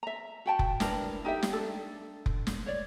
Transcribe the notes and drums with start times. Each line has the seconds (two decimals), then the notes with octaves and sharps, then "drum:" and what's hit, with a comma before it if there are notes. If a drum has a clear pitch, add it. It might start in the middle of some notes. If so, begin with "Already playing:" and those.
0.03 E5 A#5
0.46 F#4 G5 A5
0.59 drum: kick F1
0.80 D4 E4 A#4 B4, drum: snare
1.25 D#4 G4 A4 E5
1.43 drum: snare
1.52 D4 A4
2.26 drum: kick F1
2.47 drum: snare
2.66 C#5 D5